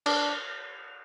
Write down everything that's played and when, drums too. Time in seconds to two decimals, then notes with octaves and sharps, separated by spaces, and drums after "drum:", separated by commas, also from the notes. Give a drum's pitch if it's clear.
0.06 D4, drum: cymbal